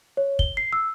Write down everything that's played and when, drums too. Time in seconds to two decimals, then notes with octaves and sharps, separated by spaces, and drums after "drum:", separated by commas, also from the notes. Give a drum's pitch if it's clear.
0.17 C#5
0.39 G7, drum: kick
0.57 C7
0.73 E6